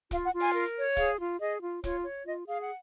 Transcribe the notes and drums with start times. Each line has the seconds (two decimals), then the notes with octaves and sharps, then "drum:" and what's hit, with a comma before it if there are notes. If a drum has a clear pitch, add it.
0.11 F4 F5, drum: kick, hi-hat
0.25 F#5
0.33 F4
0.40 G#5, drum: open hi-hat
0.55 A#4
0.76 C#5
0.97 G#4 F5, drum: kick, hi-hat
1.19 F4
1.40 G#4 D#5
1.61 F4
1.84 F4 C#5, drum: kick, hi-hat
2.04 C#5
2.26 F4 D#5
2.47 G#4 F5
2.62 F#5